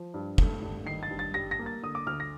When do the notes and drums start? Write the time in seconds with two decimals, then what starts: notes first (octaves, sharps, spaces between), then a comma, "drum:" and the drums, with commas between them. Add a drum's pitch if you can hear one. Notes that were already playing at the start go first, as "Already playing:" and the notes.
Already playing: F3
0.14 G2
0.38 A3, drum: kick
0.62 G2
0.86 D#3 C7
1.03 A6
1.11 G2
1.19 A6
1.34 G3 A#6
1.51 A#6
1.59 A#3
1.66 A6
1.83 D3 D#6
1.95 D6
2.07 D2 F6
2.20 A#6